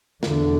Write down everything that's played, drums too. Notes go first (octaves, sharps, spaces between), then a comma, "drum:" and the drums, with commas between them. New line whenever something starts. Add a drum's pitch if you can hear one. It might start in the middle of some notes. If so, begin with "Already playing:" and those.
E2 B2 D3, drum: snare